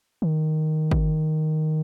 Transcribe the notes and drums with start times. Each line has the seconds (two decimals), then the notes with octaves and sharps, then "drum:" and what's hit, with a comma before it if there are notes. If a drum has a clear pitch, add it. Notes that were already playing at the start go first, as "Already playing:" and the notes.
0.22 D#3
0.91 drum: kick